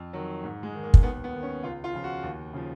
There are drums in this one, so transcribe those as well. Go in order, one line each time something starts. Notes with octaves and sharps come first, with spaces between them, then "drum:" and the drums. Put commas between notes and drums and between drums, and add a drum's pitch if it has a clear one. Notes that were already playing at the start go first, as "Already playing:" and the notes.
Already playing: F2
D#3 F#3
G#2
G#3
D#3
A#3
drum: kick
D#2 B3
B3
D#3
C#4
C#2 F4
F4
C#3 F3
F#4
D#2
C#3 F3